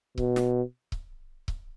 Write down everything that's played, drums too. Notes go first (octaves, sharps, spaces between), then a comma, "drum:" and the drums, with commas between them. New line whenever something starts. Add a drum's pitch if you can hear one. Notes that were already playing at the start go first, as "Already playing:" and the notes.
B2, drum: kick C#1
drum: snare
drum: kick C#1
drum: kick C#1